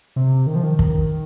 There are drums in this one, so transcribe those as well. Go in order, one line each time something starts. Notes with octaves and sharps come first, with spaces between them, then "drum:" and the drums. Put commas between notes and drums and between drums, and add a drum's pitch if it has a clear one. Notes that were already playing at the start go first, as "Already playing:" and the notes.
C3
D#3
F3
D#3
drum: kick